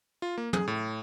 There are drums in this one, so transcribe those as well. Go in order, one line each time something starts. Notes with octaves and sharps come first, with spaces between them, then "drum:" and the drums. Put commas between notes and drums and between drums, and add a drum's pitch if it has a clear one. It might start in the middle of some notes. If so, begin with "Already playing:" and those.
F4
A#3
G#4, drum: tom
A2